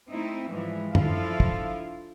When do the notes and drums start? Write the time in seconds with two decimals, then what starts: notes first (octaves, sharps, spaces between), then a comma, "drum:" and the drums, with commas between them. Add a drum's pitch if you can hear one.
0.10 A3 C4 D#4 E4
0.50 G#2 E3 F3 G3 G#3
0.95 F3 D4 E4 F4 A4 F5, drum: tom F#2
1.40 drum: kick